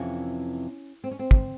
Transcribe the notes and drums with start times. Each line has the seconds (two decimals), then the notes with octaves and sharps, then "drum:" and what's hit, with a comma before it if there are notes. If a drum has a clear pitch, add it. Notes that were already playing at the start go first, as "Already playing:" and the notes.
Already playing: F2 C3 E3 C#4
1.04 C4
1.11 C#4
1.19 C4
1.31 drum: kick